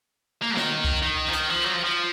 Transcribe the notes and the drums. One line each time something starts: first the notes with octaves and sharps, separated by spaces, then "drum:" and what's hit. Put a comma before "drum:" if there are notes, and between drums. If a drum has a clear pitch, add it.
A#3
D#3, drum: snare
drum: kick C2
D#3
F3
D#3, drum: hi-hat
F3
F#3
F3
F3